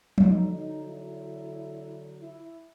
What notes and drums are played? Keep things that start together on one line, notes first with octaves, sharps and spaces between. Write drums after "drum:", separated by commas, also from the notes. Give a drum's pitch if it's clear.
D3 F#3 D#4, drum: tom F3
D#4
E4
E4